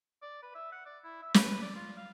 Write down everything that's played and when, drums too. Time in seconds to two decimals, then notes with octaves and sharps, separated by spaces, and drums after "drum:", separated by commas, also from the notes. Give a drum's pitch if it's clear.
0.22 D5
0.42 B4
0.55 E5
0.72 F#5
0.85 D5
1.04 E4
1.22 E5
1.34 B4, drum: snare
1.62 D5
1.75 F4
1.97 F5